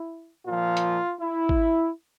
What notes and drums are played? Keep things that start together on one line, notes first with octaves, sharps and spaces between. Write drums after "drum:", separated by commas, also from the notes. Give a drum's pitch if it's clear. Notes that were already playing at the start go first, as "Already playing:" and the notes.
Already playing: E4
A#2 F3 F4
drum: hi-hat
E4
drum: kick G#1